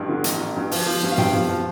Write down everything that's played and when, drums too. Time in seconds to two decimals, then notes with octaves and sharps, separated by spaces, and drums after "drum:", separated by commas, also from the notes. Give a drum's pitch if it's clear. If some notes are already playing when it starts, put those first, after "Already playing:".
Already playing: A1 G2
0.08 D3
0.24 A1, drum: hi-hat
0.40 A1
0.56 G2
0.71 F3, drum: open hi-hat
0.87 F3
1.03 G2
1.12 F5
1.18 G2 G5, drum: tom
1.34 F3
1.49 F3